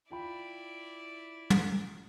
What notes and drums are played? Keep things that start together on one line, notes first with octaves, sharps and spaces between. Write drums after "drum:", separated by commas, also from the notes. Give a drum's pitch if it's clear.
E4 F4 D5 G5 B5
drum: tom